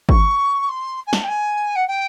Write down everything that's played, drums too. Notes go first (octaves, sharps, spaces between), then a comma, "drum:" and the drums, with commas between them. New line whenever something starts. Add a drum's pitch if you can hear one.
C#6, drum: kick
C6
G#5
A5, drum: snare
G5
G#5
F#5
G5